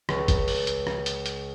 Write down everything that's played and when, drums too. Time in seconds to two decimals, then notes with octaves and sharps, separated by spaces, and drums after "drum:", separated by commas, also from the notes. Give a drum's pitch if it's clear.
0.09 C#2, drum: rim click
0.28 drum: kick, hi-hat
0.48 drum: open hi-hat
0.67 drum: hi-hat
0.87 drum: rim click
1.06 drum: hi-hat
1.26 drum: hi-hat